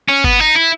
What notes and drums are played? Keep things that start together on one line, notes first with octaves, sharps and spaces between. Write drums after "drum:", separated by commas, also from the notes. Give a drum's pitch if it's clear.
C#4
B3, drum: kick G1
D#4
E4